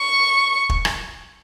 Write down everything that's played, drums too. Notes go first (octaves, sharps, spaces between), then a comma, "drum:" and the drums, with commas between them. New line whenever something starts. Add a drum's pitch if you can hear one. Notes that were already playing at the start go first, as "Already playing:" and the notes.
Already playing: C#6
drum: kick
drum: rim click